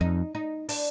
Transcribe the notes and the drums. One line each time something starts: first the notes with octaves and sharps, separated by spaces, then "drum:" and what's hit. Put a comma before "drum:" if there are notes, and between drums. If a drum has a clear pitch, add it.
F2 D#4
D#4
D4, drum: open hi-hat